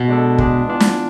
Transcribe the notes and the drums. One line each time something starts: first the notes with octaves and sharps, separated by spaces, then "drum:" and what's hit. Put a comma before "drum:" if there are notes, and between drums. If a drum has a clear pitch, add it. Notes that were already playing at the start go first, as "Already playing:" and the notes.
Already playing: B2
G#3 D4 A4
G#3 D4 G#4, drum: kick
E3 B3 D4 F4
drum: snare